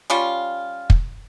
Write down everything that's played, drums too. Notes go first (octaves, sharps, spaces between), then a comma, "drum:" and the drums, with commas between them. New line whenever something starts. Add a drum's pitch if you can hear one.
G3 C#4 F4
drum: kick